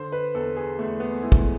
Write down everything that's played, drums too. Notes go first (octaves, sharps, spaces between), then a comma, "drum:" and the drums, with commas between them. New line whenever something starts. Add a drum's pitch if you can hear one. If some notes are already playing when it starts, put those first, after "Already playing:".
Already playing: D3 C5
B4
E2 A4
G#4
E2 A3
B3
G#3 E4
drum: kick